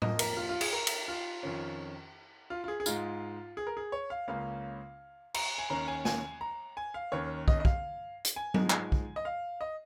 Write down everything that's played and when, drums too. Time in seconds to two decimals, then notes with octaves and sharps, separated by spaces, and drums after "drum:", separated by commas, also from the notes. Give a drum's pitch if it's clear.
0.02 F2 F3 A#3 D#5, drum: tom A2
0.19 A#4, drum: cymbal
0.37 F4
0.49 F4
0.61 G#4, drum: cymbal
0.73 A#4
0.87 drum: cymbal
1.08 F4
1.43 F2 D#3 C#4
2.50 F4
2.64 F4
2.68 G#4
2.80 G#4
2.86 G#2 G#3 D#4 F4, drum: tambourine
3.57 G#4
3.67 A#4
3.77 G#4
3.92 C#5
4.10 F5
4.28 C#2 C#3 A#3 C#4 F5
5.34 A#5, drum: cymbal
5.58 G#5
5.70 D#2 D#3 C#4 A#5
5.88 G#5
6.05 G#5, drum: snare A#3
6.41 A#5
6.77 G#5
6.94 F5
7.12 D#2 D#3 C#4 C#5
7.48 D#5, drum: kick
7.60 D#5
7.65 F5, drum: kick
8.25 drum: hi-hat
8.36 G#5
8.54 G#2 F3 G#3 D#4, drum: tom F#3
8.70 drum: clap
8.92 drum: kick
9.16 D#5
9.25 F5
9.61 D#5